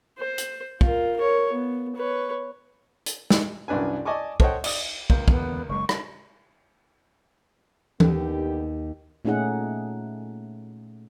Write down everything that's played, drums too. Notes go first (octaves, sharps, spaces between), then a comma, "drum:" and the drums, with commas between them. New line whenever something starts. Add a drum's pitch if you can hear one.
C5
drum: hi-hat
F4 A#4, drum: kick
A#4 C#5
B3
B4 C#5
drum: hi-hat
drum: snare
C2 F#2 D4 B4 G#5
D5 D#5 G#5 A5 C#6 D6
A4 C5 C#5 D#5 F#5 G5, drum: kick
D5 D#6, drum: cymbal
C#2 A#3 G6, drum: kick
E2 D3 B3, drum: kick
F#1 G#3 C#6
drum: rim click
D#2 D3 B3 G4, drum: tom E3
A#2 A3 C#4 D#4 G#4 F#5